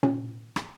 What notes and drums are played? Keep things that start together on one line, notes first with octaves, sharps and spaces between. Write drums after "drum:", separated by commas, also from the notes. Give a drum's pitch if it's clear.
C#4, drum: tom A#2
drum: rim click